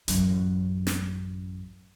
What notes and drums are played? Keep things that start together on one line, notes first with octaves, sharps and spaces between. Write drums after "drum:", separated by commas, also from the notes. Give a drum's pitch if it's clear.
A1 F#2, drum: hi-hat
drum: snare